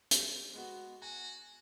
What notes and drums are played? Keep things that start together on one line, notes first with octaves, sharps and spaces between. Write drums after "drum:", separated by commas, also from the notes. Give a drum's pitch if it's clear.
drum: hi-hat
G#3 B3 F#4
F#4 G#5